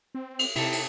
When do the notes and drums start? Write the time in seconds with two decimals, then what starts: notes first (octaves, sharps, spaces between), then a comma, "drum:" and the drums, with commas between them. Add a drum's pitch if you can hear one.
0.15 C4
0.39 drum: cymbal
0.56 C3 D#4 E4 G4 A4, drum: cymbal
0.72 drum: cymbal